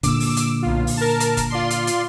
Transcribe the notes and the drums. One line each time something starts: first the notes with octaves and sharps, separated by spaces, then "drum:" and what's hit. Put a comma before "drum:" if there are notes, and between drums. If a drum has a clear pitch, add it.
A#2 D3 D6 E6, drum: kick F1, hi-hat
drum: open hi-hat
drum: hi-hat
B1 F4
drum: open hi-hat
A#4 A5
drum: hi-hat
drum: kick F1, hi-hat
F4 D5 C6
drum: hi-hat
drum: hi-hat